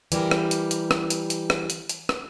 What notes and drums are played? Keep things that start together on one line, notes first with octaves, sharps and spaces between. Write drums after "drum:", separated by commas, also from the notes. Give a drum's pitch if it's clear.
E3 G3 G4 A#4, drum: hi-hat
drum: rim click
drum: hi-hat
drum: hi-hat
drum: rim click
drum: hi-hat
drum: hi-hat
drum: rim click
drum: hi-hat
drum: hi-hat
drum: rim click